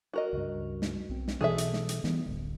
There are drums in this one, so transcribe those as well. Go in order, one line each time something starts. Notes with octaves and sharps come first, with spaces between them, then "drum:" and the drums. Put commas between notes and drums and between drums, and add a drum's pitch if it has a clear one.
F#4 A#4 D#5
C#2 G2
drum: snare
B1 C4
drum: snare
B2 E3 G#4 A4 E5
drum: hi-hat
drum: snare
drum: hi-hat
E3 G3 B3, drum: snare
D1 A1 D2